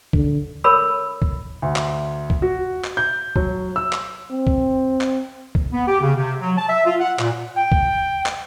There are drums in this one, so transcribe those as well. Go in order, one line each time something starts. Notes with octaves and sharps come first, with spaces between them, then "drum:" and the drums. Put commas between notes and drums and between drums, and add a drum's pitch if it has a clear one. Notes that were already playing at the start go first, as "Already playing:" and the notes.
D3, drum: kick
A4 A#4 C#5 B5 E6
drum: kick
D2
drum: clap
drum: kick
F#4
drum: clap
G6
F#3, drum: kick
E6
drum: clap
C4
drum: kick
drum: clap
drum: kick
B3
G4
C#3
C3
F#3
A5
E5
F4
F#5
A#2, drum: clap
G5
drum: kick
drum: clap